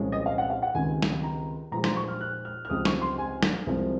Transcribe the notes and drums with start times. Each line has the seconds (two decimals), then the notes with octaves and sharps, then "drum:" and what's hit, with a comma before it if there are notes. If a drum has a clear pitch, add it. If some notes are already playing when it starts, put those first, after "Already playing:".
Already playing: C2 A#2 F3 G#3 C#4
0.12 D#5
0.26 F5
0.38 F#5
0.50 F5
0.62 F#5
0.74 C#2 C3 D#3 G#5
1.02 drum: snare
1.24 A#5
1.72 A#2 F3 G#3 A#5
1.84 C6, drum: snare
1.96 C#6
2.08 F6
2.21 F#6
2.45 F6
2.65 F6
2.69 C#2 C3 F3 G#3 D#6
2.85 C#6, drum: snare
3.02 C6
3.18 G#5
3.43 drum: snare
3.66 C2 C3 F3 G#3